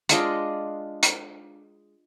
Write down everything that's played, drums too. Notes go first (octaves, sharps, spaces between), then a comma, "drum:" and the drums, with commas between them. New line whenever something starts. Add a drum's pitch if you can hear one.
G#3 D4 F4 D#5, drum: hi-hat
drum: hi-hat